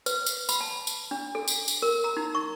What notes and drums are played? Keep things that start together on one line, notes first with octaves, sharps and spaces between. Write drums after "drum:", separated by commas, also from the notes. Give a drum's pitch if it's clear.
B4, drum: tambourine
drum: tambourine
B5, drum: tambourine
A5
drum: tambourine
D4
A4
drum: tambourine
drum: tambourine
A#4
A#5
D#4
C#6